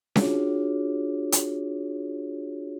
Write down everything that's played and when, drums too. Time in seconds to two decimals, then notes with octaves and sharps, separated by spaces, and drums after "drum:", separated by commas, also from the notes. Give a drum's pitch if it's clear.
0.16 D4 F4 F#4 G#4 C#5, drum: snare C#4
1.32 drum: hi-hat